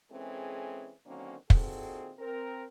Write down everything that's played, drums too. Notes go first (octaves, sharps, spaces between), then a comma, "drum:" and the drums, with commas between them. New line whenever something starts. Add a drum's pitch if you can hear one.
E3 G#3 C4 C#4 G#4 A4
D3 D#3 F#3 A#3 C4 C#4
A#2 D#3 C4 F#4 G#4 A4, drum: kick
C4 A#4